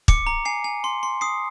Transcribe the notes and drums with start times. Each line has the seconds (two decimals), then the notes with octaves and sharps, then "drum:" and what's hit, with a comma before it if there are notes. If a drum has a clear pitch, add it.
0.08 D6 C#7, drum: kick
0.27 A#5
0.45 G#5 C7
0.64 G#5
0.84 C6
1.03 C6
1.21 D#6 C7